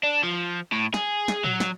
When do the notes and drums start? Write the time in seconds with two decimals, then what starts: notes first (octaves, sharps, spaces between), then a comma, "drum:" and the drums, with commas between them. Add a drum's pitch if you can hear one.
0.03 D4
0.23 F3
0.72 A2
0.94 G#4, drum: snare
1.28 drum: snare
1.44 F#3, drum: tom
1.60 drum: snare